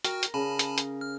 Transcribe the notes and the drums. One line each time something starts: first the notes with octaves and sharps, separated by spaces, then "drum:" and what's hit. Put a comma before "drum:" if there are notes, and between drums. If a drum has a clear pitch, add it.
F#4 A#4 G5 F6, drum: hi-hat
drum: hi-hat
C#3 G#5 A5 B5
drum: hi-hat
drum: hi-hat
F6